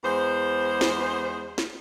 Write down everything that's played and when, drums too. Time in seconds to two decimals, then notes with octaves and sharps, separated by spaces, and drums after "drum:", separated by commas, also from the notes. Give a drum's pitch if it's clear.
0.04 E2 G#3 C5
0.81 drum: snare
1.58 drum: snare